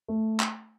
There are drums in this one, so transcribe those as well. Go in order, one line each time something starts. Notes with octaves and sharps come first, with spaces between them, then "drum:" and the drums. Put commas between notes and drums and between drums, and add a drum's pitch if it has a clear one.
A3
drum: clap